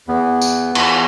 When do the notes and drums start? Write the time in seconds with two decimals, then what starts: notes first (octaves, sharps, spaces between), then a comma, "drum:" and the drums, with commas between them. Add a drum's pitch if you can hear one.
0.08 E2 E3 B3
0.42 drum: tambourine
0.75 E2 E3, drum: cymbal